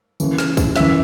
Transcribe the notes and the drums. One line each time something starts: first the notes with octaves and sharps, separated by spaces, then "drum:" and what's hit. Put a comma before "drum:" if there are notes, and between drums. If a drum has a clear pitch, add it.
D#2 C#3 E3, drum: tambourine
drum: snare
drum: kick, tambourine
F#2 C#3 E3 E5, drum: snare